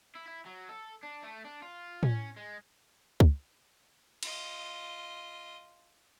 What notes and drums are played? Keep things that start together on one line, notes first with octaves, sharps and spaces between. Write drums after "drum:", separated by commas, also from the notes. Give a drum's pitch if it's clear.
E4
E4
F#3
A4
D4
A3
D4
F4
C#4, drum: tom A2
G#3
drum: kick C#2
F4 D#5, drum: cymbal